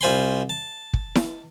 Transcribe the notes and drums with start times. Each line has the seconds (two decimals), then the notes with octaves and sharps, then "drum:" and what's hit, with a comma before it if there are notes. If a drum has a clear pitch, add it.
0.01 C2 F4 C5 G#5 B5 C6
0.50 A5
0.93 drum: kick
1.15 drum: snare E4